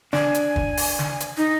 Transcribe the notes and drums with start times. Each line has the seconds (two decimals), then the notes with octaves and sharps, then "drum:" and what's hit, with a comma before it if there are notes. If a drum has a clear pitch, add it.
0.13 D4 G#5, drum: snare
0.34 drum: hi-hat
0.56 drum: kick
0.77 drum: open hi-hat
0.99 drum: snare
1.20 drum: hi-hat
1.37 D#4